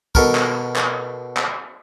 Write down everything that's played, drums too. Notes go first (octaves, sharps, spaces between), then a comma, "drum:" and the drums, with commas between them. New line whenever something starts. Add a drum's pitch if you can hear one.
B2 A4 A#4, drum: kick
drum: clap
drum: clap
drum: clap